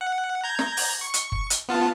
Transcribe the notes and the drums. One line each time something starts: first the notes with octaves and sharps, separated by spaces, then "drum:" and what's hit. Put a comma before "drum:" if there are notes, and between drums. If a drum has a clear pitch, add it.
F#5
A#5 G6 G#6
drum: snare
drum: open hi-hat
C#6 C#7
drum: hi-hat
drum: kick F#1
drum: hi-hat
B3 F4 A5